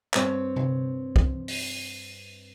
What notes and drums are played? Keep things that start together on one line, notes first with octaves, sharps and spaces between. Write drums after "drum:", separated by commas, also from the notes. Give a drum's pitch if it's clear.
G2 B3 C4 F#4 C#5 G5, drum: clap
drum: tom C3
drum: kick
drum: open hi-hat